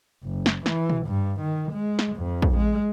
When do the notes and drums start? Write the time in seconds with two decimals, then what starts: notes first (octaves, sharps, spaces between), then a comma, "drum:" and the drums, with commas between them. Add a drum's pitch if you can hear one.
0.24 F#1
0.46 drum: snare
0.66 E3, drum: snare
0.90 drum: tom A#2
1.07 G2
1.41 D#3
1.72 G#3
1.99 drum: snare
2.17 F2
2.42 drum: kick
2.57 G#3